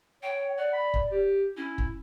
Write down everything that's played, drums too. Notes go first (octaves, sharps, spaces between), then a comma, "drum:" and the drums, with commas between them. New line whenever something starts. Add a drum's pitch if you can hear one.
C#5 G5
D5 F#5
B5
drum: kick
G4
C#4 E4
drum: kick